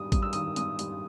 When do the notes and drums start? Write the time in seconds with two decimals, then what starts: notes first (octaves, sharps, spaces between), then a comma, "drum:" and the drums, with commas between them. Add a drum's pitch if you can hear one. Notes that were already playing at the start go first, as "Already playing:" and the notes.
Already playing: G2 D#3 G3 D#6
0.12 G2 D#6, drum: kick A1, hi-hat
0.22 E6
0.33 D#3 D#6, drum: hi-hat
0.56 G2 D#6, drum: hi-hat
0.79 G3, drum: hi-hat